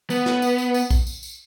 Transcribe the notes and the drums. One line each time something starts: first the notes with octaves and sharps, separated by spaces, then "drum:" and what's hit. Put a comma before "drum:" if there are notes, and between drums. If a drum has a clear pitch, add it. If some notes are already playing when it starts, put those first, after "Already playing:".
B3, drum: tambourine
drum: snare
drum: tambourine
drum: tambourine
drum: tambourine
drum: kick, tambourine
drum: tambourine
drum: tambourine